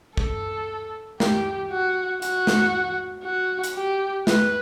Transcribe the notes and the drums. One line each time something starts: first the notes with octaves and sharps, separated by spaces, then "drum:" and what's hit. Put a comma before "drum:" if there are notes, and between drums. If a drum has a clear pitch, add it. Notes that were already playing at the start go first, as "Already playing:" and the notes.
A4, drum: kick
G4, drum: snare
F#4
F#4, drum: hi-hat
drum: snare
F#4
drum: hi-hat
G4
B4, drum: snare